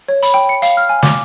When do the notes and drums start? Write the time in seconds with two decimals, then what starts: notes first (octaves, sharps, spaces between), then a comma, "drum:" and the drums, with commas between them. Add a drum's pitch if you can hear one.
0.08 C#5
0.23 B5, drum: hi-hat
0.34 G5
0.49 C#7
0.62 F5, drum: hi-hat
0.77 F6
0.89 G#5
1.03 D6, drum: snare